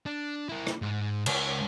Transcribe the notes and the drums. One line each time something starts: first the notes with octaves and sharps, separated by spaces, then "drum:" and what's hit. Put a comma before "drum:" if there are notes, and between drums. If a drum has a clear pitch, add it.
D4
E4 A#4
drum: rim click
G#2
C#2 C#5, drum: cymbal